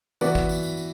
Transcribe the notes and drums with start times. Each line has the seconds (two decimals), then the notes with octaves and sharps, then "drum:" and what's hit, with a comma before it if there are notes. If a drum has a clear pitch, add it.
0.21 E3 B3 F#4 B4 D5, drum: tambourine
0.35 drum: kick, tambourine
0.49 drum: tambourine
0.63 drum: tambourine
0.77 drum: tambourine